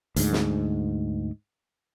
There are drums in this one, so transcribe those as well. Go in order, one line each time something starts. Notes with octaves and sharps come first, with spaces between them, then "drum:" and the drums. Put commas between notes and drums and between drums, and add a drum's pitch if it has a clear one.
D2 G#2, drum: hi-hat
drum: snare